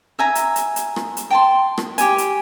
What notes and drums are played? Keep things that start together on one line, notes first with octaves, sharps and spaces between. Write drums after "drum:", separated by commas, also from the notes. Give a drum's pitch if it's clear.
E5 G#5 A#5
drum: hi-hat
drum: hi-hat
drum: hi-hat
drum: rim click
drum: hi-hat
G5 A5 C6
drum: rim click
G4 G#5, drum: hi-hat
drum: hi-hat